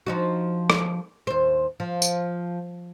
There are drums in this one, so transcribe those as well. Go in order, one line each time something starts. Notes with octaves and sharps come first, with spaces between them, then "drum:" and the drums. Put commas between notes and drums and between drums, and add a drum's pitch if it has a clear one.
F3 D#4 F#4
drum: rim click
D#2 C5
F3
drum: tambourine